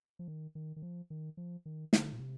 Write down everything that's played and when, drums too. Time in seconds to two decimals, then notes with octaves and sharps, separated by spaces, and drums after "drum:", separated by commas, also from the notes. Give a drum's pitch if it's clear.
0.19 F3
0.28 D#3
0.55 D#3
0.76 D#3
0.82 F3
1.10 D#3
1.37 F3
1.66 D#3
1.93 D3, drum: snare
2.12 A#2
2.20 C3